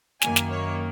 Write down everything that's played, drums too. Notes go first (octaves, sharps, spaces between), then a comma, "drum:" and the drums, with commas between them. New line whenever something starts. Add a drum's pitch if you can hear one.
F#2 D#3 A#3 G#5, drum: snare
drum: snare
C#5